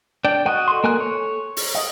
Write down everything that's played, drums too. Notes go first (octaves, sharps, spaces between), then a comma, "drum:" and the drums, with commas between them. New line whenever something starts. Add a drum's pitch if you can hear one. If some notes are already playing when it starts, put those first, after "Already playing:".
D4 D5 G5
F#4 D#5 F#5
A4 C6
A#3 G#5 F#6
C#5
drum: open hi-hat
D#5